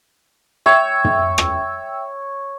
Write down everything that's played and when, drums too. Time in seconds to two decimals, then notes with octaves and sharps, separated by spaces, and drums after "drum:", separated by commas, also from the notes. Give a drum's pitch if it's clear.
0.66 C#5 E5 G5 E6
1.04 drum: tom
1.38 drum: rim click